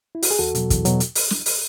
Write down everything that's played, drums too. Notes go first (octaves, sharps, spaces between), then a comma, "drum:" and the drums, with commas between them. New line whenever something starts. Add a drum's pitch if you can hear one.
E4
F#4, drum: open hi-hat
G#4
E2 F#4 A4
B2 F#3, drum: hi-hat
E2, drum: kick, hi-hat
B2 F#3, drum: hi-hat
drum: hi-hat
drum: open hi-hat
drum: snare
drum: open hi-hat